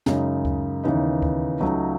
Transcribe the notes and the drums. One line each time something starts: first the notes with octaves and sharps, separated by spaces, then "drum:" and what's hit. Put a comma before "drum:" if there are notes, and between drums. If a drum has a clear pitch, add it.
F#2 C#3 G#3 D#4, drum: snare
drum: kick D2
D#2 C#3 E3 B3 D#4
drum: kick D2
C#2 C#3 F#3 A3 D#4